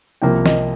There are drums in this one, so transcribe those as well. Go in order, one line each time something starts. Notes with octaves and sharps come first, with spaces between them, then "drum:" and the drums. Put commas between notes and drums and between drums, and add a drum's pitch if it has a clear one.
C2 C3 F3 A#3 G5
D#5, drum: snare